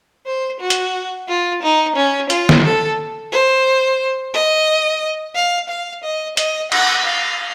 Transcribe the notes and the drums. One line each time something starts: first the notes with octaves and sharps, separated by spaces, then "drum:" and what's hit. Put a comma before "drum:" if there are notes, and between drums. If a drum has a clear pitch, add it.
C5
F#4
drum: hi-hat
F4
D#4
C#4
F4, drum: hi-hat
drum: snare
A4
C5
D#5
F5
F5
D#5
D#5, drum: hi-hat
F#5, drum: cymbal
F5